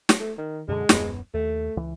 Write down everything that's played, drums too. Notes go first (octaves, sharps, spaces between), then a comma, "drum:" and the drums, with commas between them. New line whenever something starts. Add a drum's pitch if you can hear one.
drum: snare
A3
D#3
F#2 B2 D3 G#3
D#1 F#2 B3, drum: snare
D#2 A3
C#2 E3